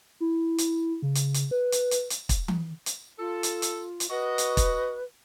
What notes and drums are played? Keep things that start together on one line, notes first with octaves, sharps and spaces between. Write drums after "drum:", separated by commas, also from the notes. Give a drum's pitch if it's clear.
E4
drum: hi-hat
C#3
drum: hi-hat
drum: hi-hat
B4
drum: hi-hat
drum: hi-hat
drum: hi-hat
drum: kick, hi-hat
drum: tom E3
drum: hi-hat
F4 A4
drum: hi-hat
drum: hi-hat
drum: hi-hat
F#4 B4 D#5
drum: hi-hat
drum: kick, hi-hat